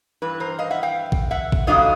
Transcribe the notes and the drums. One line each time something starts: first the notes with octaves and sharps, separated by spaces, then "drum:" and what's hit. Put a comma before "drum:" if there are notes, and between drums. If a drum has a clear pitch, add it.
G2 E3 B4
A#4 C5
D#5 F5
E5 F#5
F5 G5
drum: kick
E5 F#5
drum: kick
C#3 F#3 A3 D4 F4 D#5 F5